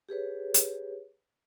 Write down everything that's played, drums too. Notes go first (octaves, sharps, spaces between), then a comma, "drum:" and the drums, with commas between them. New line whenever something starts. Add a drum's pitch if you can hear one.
G4 G#4 B4 C#5
drum: hi-hat